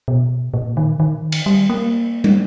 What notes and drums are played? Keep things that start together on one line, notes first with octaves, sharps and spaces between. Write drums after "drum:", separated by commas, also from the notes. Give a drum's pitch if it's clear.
B2
A#2
D#3
D#3
drum: cymbal
G3
A#3
drum: tom